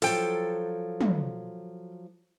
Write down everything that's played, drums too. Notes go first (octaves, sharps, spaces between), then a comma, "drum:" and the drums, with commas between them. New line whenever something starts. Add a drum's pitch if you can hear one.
F3 F#3 A4 G5, drum: open hi-hat
drum: tom